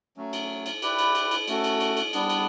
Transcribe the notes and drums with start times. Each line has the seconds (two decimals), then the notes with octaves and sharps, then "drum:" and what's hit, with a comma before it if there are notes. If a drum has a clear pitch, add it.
0.16 F#3 A3 C#4
0.33 drum: cymbal
0.66 drum: cymbal
0.82 E4 G4 B4 D5, drum: cymbal
0.98 drum: cymbal
1.15 drum: cymbal
1.31 drum: cymbal
1.48 A3 C#4 F#4 A4, drum: cymbal
1.64 drum: cymbal
1.80 drum: cymbal
1.97 drum: cymbal
2.13 G3 B3 D4, drum: cymbal
2.30 drum: cymbal